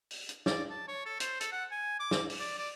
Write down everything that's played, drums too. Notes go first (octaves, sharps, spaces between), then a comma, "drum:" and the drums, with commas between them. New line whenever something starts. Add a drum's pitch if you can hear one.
drum: open hi-hat
drum: hi-hat
D5, drum: snare
A5
C#5
A4
C5, drum: hi-hat
A4, drum: hi-hat
F#5
G#5
D6
drum: snare
drum: open hi-hat
D5
D5